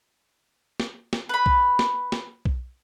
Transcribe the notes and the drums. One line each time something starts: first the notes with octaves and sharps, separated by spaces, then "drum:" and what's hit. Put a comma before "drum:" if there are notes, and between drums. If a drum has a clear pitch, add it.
drum: snare
drum: snare
B4 B5
drum: kick B1
drum: snare
drum: snare
drum: kick B1